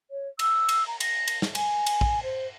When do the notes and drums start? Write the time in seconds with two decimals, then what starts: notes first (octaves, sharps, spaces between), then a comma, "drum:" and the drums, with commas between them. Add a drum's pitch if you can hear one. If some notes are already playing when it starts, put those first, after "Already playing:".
0.11 C#5
0.39 E6, drum: cymbal
0.69 drum: cymbal
0.87 A#5
1.00 A#6, drum: cymbal
1.28 drum: cymbal
1.42 drum: snare
1.55 G#5, drum: cymbal
1.86 drum: cymbal
2.01 drum: kick
2.23 C5